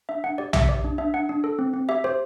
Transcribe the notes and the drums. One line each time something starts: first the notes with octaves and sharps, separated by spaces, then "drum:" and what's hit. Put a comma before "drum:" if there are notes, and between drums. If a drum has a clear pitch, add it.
D4 E5
D4 F#5
G4 D5
G4 E5, drum: tom B1
G4 D5
D4
D4 E5
D4 F#5
D4
A4
C4
C4
G4 E5
G4 C5